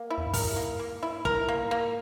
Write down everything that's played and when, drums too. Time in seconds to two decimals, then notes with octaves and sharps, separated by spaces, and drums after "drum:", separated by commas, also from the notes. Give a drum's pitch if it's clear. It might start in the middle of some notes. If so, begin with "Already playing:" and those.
Already playing: A#3
0.10 E4
0.18 E2
0.26 F#2
0.33 G#2 A#4, drum: kick, open hi-hat
0.56 A#3
0.79 A#3
1.03 E4
1.25 A#4, drum: kick
1.49 A#3
1.71 A#3